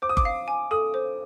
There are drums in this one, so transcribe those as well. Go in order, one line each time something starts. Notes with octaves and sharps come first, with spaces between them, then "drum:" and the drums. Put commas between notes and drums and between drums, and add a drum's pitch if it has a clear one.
C5 D6
D#6
D6, drum: kick F#1
F5
G#5
A4 D#6
C5